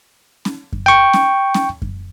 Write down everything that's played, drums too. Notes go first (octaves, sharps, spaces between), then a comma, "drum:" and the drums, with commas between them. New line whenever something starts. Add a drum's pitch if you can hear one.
drum: snare C#4
drum: kick F#2
G5 C#6
drum: snare C#4
drum: snare C#4
drum: kick F#2